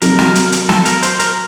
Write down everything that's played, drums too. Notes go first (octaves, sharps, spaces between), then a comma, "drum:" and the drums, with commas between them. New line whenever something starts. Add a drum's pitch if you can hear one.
C3 F#3 A#3 D#4 A4 A#4, drum: hi-hat
drum: snare
drum: hi-hat
drum: hi-hat
A4, drum: snare
A#4, drum: hi-hat
C5, drum: hi-hat
A#4, drum: hi-hat